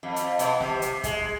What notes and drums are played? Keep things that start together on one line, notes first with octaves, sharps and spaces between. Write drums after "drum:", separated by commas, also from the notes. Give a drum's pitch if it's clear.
F2
drum: hi-hat
B2, drum: hi-hat
C3, drum: snare
drum: hi-hat
G#3, drum: kick, hi-hat